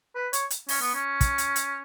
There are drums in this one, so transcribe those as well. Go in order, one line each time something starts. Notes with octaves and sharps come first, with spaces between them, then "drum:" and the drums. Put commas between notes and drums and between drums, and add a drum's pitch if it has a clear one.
B4
C#5, drum: hi-hat
drum: hi-hat
C#4, drum: open hi-hat
B3
C#4
drum: kick, hi-hat
drum: hi-hat
drum: hi-hat